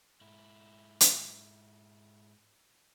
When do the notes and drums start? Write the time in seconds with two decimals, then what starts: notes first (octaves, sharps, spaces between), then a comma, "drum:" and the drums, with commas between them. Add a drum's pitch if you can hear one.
0.21 G#2 E4
1.01 drum: hi-hat